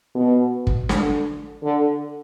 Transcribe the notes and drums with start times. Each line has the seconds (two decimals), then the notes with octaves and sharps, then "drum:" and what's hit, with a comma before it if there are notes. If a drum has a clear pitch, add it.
0.15 B2
0.67 drum: kick
0.89 D3, drum: snare
1.64 D3